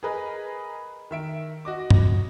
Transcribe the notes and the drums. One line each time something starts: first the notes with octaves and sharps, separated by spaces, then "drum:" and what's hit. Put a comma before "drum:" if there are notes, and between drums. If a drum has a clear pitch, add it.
G#4 A#4 B4 D#5
D#3 E5 D7
F#4 D#5 D6
drum: tom G2